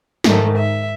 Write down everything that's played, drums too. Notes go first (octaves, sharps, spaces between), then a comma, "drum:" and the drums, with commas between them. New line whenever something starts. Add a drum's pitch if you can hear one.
G#2 D#3 A3, drum: snare
E5